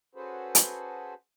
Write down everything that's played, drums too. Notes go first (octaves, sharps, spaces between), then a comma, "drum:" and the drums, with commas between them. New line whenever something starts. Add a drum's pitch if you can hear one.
C#4 F#4 G#4 A4 B4 C5
drum: hi-hat